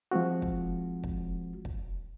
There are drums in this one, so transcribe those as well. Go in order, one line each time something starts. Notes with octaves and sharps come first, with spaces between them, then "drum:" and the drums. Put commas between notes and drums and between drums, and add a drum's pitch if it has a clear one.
F3 G#3 C4 F#4
drum: kick
drum: kick
drum: kick